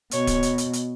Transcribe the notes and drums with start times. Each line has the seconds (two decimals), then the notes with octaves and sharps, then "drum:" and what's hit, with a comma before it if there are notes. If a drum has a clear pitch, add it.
0.11 B2 C#5, drum: hi-hat
0.27 drum: kick D1, hi-hat
0.43 drum: hi-hat
0.58 drum: hi-hat
0.73 drum: hi-hat